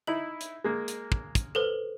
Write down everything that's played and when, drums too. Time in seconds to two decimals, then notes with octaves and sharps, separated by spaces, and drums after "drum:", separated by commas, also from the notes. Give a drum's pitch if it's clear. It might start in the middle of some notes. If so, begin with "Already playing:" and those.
0.07 D#4 E4 F#7
0.41 drum: hi-hat
0.64 G#3 A#3
0.88 drum: hi-hat
1.12 drum: kick
1.35 drum: kick, hi-hat
1.55 A4 B4 C5